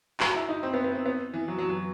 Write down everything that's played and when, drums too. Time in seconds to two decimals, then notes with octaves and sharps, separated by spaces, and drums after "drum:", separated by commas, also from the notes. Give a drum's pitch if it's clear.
0.20 F#4, drum: clap
0.35 E4
0.49 D#4
0.63 C4
0.74 B3
0.84 B3
0.95 C4
1.06 B3
1.34 E3
1.48 F#3
1.58 F#3
1.69 F#3